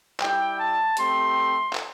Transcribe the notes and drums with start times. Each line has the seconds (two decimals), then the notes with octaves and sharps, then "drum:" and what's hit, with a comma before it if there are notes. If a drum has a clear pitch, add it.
0.20 G3 E4 G4 G5, drum: clap
0.59 A5
0.97 A3 C4 G4 C6, drum: hi-hat
1.73 drum: clap